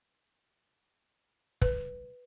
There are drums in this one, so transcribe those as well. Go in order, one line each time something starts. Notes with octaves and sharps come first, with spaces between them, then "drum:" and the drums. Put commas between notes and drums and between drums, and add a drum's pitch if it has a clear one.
B4, drum: kick